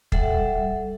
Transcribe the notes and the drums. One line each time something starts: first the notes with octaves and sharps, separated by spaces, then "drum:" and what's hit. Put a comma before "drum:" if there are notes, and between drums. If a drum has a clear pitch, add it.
G3 A4 E5 F#5, drum: kick